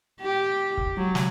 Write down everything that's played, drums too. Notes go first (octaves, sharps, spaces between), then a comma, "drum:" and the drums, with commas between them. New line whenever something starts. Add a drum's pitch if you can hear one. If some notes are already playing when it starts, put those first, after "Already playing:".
G4
drum: kick
F#3
drum: snare